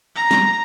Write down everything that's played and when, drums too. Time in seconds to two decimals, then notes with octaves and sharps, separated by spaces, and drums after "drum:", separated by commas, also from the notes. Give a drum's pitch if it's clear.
0.15 A#5
0.31 drum: snare